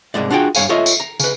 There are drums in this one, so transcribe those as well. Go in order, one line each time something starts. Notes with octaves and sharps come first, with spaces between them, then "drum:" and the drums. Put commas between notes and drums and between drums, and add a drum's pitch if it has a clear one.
C2 G#2 G#3 D5
D4 F4 F#4 G#4 G5
G2 G3 C#5 F5 G#5, drum: tambourine
F4 A4 C#5 D#5 E5
drum: tambourine
A#5
C#3 B4, drum: tambourine